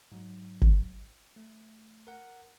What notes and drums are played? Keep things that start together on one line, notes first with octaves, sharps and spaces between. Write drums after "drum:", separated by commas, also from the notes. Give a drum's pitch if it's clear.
G#2 F#3
drum: kick G1
A3
A#4 F#5